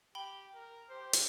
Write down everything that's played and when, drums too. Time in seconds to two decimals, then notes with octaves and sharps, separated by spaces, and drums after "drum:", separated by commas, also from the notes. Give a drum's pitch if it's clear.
0.15 G4 G5 B5 G7
0.54 A#4
0.90 G4 C5
1.13 drum: hi-hat